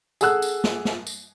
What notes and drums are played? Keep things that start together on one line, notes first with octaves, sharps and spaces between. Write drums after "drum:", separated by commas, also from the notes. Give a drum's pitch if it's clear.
G#4 A4 F#5 E6 F#6, drum: tambourine
drum: tambourine
drum: snare
drum: snare
drum: tambourine